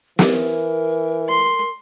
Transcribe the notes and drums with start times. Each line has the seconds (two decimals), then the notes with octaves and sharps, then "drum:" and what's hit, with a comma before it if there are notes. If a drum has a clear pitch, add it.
0.19 E3 A#4, drum: snare
1.29 C6